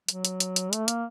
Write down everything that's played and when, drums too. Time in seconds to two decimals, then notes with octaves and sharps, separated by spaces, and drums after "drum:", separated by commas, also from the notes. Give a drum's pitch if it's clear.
0.08 F#3, drum: hi-hat
0.25 drum: hi-hat
0.40 drum: hi-hat
0.56 drum: hi-hat
0.73 A3, drum: hi-hat
0.88 A#3, drum: hi-hat